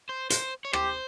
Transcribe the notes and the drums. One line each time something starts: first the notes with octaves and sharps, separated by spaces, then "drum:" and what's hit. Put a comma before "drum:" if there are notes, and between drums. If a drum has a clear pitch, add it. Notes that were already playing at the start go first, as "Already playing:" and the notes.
C5
C5, drum: hi-hat
C#5
G4 C5, drum: rim click